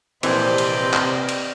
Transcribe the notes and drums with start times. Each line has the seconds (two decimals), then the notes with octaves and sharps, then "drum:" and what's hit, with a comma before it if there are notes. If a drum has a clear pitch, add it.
0.23 A#1 C3 E3 C4 B4 C5 D5 D#5, drum: cymbal
0.58 drum: cymbal
0.93 drum: clap
1.29 drum: cymbal